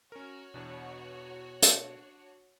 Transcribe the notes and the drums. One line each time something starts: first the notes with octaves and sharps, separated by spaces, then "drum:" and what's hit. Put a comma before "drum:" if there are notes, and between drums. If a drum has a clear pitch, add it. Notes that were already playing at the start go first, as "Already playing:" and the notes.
C#4 F#4 A#4 C#5
E2 B2 D4
D4, drum: hi-hat